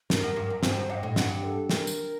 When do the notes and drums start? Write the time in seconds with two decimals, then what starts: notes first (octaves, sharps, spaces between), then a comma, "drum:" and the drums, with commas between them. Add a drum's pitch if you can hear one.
0.10 G2 A#4, drum: snare
0.23 F#2
0.36 G2
0.50 F#2
0.63 G2 C5, drum: snare
0.76 F#2
0.90 G2 F#5
0.95 D#5
1.03 A2
1.16 G2 F#5, drum: snare
1.43 A#4
1.47 A4
1.70 A#4, drum: snare
1.87 drum: tambourine